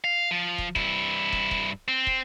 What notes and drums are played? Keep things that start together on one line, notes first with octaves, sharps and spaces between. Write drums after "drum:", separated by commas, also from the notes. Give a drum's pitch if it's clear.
F5
F3
drum: kick
G2 E4, drum: kick
drum: kick
drum: kick
C4
drum: kick